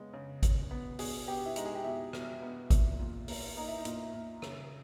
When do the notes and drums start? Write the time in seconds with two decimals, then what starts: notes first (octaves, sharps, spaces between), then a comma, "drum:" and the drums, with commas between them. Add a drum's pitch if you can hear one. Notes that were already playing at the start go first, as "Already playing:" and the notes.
Already playing: C#3 G#3 B3
0.13 C#3
0.43 C#3, drum: kick G#1, hi-hat
0.71 B3
0.99 B2 G#4, drum: open hi-hat
1.28 B3 G4
1.46 E4
1.56 G#3 D#4, drum: hi-hat
1.66 G#4
1.75 G4
1.84 B2 E4
2.13 B2, drum: rim click
2.42 B3
2.70 A#2, drum: kick G#1, hi-hat
2.99 A#2
3.28 A#3, drum: open hi-hat
3.56 A#3 D#4
3.68 E4
3.78 D#4
3.85 A#2, drum: hi-hat
4.14 A#2
4.42 C#3, drum: rim click